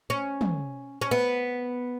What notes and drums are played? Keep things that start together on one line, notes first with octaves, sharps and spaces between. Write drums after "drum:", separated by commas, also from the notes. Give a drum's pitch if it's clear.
C#4
drum: tom
C#4
B3